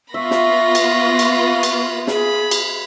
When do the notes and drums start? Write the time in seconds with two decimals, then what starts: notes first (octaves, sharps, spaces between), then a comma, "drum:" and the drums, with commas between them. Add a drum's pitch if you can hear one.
0.14 B3 F4 E5 B5 C#6 A#6
0.31 drum: snare
0.75 drum: cymbal
1.19 drum: cymbal
1.63 drum: cymbal
2.07 G#4 B5, drum: snare
2.51 drum: cymbal